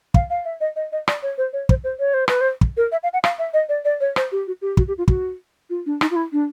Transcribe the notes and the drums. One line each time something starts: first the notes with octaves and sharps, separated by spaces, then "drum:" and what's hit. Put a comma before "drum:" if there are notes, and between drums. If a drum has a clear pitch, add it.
F5, drum: kick
F5
E5
D#5
D#5
D#5
D5, drum: rim click
C#5
C5
C#5
C5, drum: kick
C5
C#5
C5
B4, drum: rim click
C5
drum: kick
A#4
E5
F5
F#5
F5, drum: rim click
E5
D#5
D5
D5
C#5
C5, drum: rim click
G4
F#4
G4
F#4, drum: kick
G4
F4
F#4, drum: kick
F4
D4
D#4, drum: rim click
F4
E4
D4